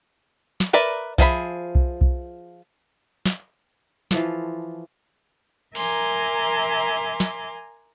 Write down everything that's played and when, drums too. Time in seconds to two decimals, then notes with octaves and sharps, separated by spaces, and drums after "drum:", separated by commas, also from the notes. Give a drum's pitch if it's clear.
0.60 drum: snare
0.73 A#4 B4 D5 E5
1.18 F3 G#4 E5 B5, drum: kick B1
1.75 drum: kick B1
2.01 drum: kick B1
3.26 drum: snare
4.11 E3 F3 F4 A4, drum: snare
5.75 A#4 E5 G#5 A#5 C6 D6, drum: open hi-hat
7.20 drum: snare